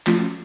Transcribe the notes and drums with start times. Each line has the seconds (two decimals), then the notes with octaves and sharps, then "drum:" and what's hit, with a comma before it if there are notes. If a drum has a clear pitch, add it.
0.07 F3 A3 C#4 F4, drum: clap